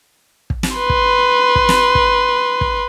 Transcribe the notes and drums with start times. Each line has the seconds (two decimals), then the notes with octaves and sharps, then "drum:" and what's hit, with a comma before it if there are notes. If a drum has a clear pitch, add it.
0.50 drum: kick
0.63 drum: snare
0.76 B4 C6
0.90 drum: kick
1.55 drum: kick
1.69 drum: snare
1.95 drum: kick
2.61 drum: kick